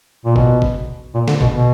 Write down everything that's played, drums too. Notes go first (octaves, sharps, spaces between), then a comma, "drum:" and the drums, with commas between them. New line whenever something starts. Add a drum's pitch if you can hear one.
A#2
B2, drum: kick G#1
drum: kick G#1
A#2
D3, drum: snare
B2, drum: kick G#1
B2